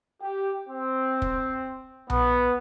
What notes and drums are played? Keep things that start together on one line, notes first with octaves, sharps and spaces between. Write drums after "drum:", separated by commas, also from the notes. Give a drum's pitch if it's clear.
G4
C4
drum: kick
B3, drum: tom B1